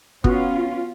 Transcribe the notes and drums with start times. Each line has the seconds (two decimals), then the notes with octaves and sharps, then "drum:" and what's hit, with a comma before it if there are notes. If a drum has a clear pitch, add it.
0.24 B3 C#4 F4 F#4, drum: kick